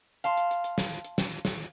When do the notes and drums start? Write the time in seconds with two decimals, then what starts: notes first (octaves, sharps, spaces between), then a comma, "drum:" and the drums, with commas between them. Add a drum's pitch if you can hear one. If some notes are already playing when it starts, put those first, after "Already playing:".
0.24 F5 A5 C6, drum: hi-hat
0.37 drum: hi-hat
0.51 drum: hi-hat
0.64 drum: hi-hat
0.78 drum: snare
0.91 drum: hi-hat
1.05 drum: hi-hat
1.18 drum: snare
1.31 drum: hi-hat
1.45 drum: snare